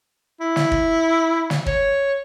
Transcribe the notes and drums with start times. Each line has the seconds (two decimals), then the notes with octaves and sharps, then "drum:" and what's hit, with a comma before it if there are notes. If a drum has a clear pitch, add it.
0.40 E4
0.56 drum: snare
0.72 drum: kick
1.50 drum: snare
1.66 C#5, drum: kick